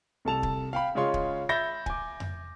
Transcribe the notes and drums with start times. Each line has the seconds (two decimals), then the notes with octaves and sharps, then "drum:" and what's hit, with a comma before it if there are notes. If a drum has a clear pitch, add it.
0.25 C2 A4 A5 F7
0.43 drum: kick
0.73 F5 G5 B5
0.95 C#3 G#3 F4 C#5 C6
1.14 drum: kick
1.49 E5 B5 G6 A6 A#6
1.86 G#5 D6, drum: kick
2.20 drum: tom F2